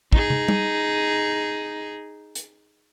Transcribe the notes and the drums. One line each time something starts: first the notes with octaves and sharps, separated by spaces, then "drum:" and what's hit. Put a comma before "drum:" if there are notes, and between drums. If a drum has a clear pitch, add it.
D#4 G#4, drum: kick
drum: tom
drum: tom G3
drum: hi-hat